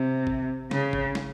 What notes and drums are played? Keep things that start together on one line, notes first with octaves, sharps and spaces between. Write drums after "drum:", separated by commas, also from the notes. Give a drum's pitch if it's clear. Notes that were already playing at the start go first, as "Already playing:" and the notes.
Already playing: C3
drum: kick
C#3, drum: snare
drum: kick
drum: snare